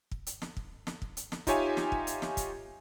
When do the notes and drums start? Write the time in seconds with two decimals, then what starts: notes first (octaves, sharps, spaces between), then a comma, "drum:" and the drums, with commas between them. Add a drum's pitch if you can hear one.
0.11 drum: kick
0.27 drum: hi-hat
0.42 drum: snare
0.57 drum: kick
0.87 drum: snare
1.02 drum: kick
1.17 drum: hi-hat
1.32 drum: snare
1.47 D#4 F4 G4 C#5 E5 G#5, drum: kick, hi-hat
1.77 drum: snare
1.92 drum: kick
2.07 drum: hi-hat
2.22 drum: snare
2.37 drum: kick, hi-hat